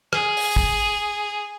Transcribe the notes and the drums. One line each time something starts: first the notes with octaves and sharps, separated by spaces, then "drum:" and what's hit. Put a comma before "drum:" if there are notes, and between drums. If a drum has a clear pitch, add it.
G#4, drum: rim click
drum: open hi-hat
drum: kick